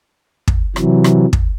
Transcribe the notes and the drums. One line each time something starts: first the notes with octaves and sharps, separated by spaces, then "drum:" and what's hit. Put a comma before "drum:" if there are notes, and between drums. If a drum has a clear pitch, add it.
drum: kick
C3 E3 F#3, drum: rim click
drum: rim click
drum: kick